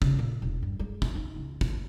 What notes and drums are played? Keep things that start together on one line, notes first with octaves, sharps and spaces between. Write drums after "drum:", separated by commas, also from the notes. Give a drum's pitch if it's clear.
C#3, drum: kick
A#2
E1
G2
G#3
drum: kick
D#4
C#2
drum: kick